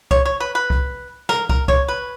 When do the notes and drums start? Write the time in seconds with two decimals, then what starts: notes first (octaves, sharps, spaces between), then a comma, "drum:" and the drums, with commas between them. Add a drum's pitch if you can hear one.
0.11 C#5, drum: kick
0.25 C#5
0.40 B4
0.55 B4
0.70 drum: kick
1.29 A#4, drum: snare
1.49 A#4, drum: kick
1.68 C#5, drum: kick
1.88 B4